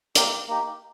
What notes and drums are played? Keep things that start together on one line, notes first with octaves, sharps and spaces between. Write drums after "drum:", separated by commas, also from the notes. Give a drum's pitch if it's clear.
A#3 D#4 G4, drum: hi-hat
A#3 D#4 G4